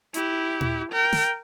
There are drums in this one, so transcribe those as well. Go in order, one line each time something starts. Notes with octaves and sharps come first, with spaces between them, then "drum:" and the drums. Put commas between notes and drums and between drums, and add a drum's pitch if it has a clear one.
E4 G4, drum: hi-hat
drum: tom A#2
A#4 G5
drum: snare